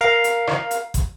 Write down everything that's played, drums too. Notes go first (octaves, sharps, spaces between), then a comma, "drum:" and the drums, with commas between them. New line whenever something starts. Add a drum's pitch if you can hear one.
A#4 F5
drum: hi-hat
drum: rim click
drum: hi-hat
drum: kick, hi-hat